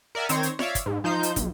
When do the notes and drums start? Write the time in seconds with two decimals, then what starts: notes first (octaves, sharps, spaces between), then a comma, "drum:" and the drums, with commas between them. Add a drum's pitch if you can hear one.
0.15 A#4 D5 E5 F#5 G#5
0.29 D#3 C4 C5 C#5 G#6 A#6, drum: hi-hat
0.43 drum: hi-hat
0.59 C#5 D5 E5 F5, drum: snare F4
0.75 drum: kick, hi-hat
0.86 G#2
1.04 F3 D#4 C5 G6
1.23 drum: hi-hat
1.36 B1, drum: kick, hi-hat